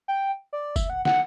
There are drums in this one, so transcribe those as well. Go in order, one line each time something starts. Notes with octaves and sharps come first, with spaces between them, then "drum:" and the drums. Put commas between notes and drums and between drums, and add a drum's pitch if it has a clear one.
G5
D5
E5, drum: kick, tambourine
F#5
F#5, drum: snare